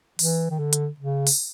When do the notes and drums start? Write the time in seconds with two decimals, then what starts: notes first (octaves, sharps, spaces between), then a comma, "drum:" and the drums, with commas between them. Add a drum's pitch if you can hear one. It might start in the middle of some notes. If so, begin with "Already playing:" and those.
0.19 E3, drum: open hi-hat
0.50 D#3
0.59 D3
0.73 drum: hi-hat
1.00 C#3
1.27 drum: open hi-hat